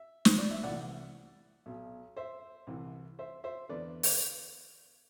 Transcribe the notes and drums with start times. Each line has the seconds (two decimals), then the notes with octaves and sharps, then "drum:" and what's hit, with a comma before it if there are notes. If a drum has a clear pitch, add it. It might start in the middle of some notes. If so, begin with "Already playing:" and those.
Already playing: E5
0.25 C5, drum: snare
0.38 D5
0.51 E5
0.63 C2 C3 E3 D5 F#5
1.66 B1 B2
2.16 C5 E5
2.67 C2 C3 E3
3.19 C5 E5
3.44 C5 E5
3.69 E2 D3 B4 D5
4.03 drum: open hi-hat